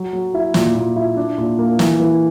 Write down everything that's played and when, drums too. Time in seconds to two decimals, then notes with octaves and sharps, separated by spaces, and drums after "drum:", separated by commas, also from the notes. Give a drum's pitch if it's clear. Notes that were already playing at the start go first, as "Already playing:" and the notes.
Already playing: F#3
0.13 F#3
0.34 E4
0.54 A#2, drum: snare
0.75 A#2
0.96 E4
1.17 D4
1.38 A#2
1.59 A#3
1.79 E3, drum: snare
2.00 E3